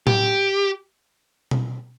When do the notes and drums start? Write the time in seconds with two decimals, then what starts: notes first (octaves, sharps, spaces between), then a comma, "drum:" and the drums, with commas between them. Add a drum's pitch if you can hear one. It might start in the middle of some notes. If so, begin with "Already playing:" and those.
0.07 G4, drum: tom A2
1.51 drum: tom B2